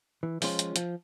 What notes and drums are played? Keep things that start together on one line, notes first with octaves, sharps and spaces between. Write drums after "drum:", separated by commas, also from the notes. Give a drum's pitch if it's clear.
E3
F3 G#3 C#4 F4, drum: open hi-hat
drum: hi-hat
F3, drum: hi-hat